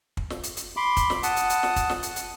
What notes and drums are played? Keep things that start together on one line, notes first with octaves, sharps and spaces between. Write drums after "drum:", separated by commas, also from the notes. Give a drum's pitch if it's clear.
drum: kick
drum: snare
drum: hi-hat
drum: hi-hat
B5 C6 D6
drum: kick, hi-hat
drum: snare
F#5 A5 D#6, drum: hi-hat
drum: hi-hat
drum: hi-hat
drum: snare
drum: kick, hi-hat
drum: snare
drum: hi-hat
drum: hi-hat